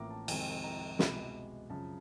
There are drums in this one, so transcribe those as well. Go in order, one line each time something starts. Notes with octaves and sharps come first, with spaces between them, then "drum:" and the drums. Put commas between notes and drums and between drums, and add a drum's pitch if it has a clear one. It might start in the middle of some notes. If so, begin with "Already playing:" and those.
Already playing: A1 A2 F3 A#3 A#5 D6
A5
F2 C3 D#3 G#3 C4 G#5, drum: cymbal
A#5
C2 B2 G#3 B5, drum: snare
F#2 C#3 F3 A5